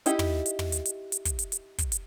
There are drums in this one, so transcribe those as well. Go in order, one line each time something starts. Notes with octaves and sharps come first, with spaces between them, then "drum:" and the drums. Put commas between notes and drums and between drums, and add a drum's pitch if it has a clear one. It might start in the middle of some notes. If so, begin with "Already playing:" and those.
D#4 E4 G4, drum: hi-hat
drum: tom
drum: hi-hat
drum: tom
drum: hi-hat
drum: hi-hat
drum: hi-hat
drum: kick, hi-hat
drum: hi-hat
drum: hi-hat
drum: kick, hi-hat
drum: hi-hat